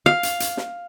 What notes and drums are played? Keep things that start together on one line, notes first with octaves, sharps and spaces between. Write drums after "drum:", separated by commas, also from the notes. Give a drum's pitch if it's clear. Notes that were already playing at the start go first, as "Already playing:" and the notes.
F5
drum: hi-hat
drum: hi-hat
drum: snare